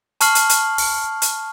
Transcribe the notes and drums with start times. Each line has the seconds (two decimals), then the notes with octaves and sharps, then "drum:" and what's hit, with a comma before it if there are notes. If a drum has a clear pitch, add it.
0.21 A5 C#6 F6 C7 F#7, drum: hi-hat
0.35 drum: hi-hat
0.49 drum: hi-hat
0.78 drum: open hi-hat
1.22 drum: hi-hat